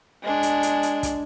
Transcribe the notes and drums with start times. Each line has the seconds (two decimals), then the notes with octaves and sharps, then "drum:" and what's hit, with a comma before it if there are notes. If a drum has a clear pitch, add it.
0.23 G#3 D4
0.43 drum: hi-hat
0.63 drum: hi-hat
0.83 drum: hi-hat
1.03 drum: kick, hi-hat